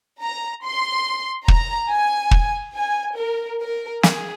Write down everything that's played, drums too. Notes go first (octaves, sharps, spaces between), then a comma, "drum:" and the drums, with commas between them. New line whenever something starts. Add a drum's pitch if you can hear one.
A#5
C6
A#5, drum: kick
G#5
drum: kick
G#5
A#4
A#4
G#4, drum: snare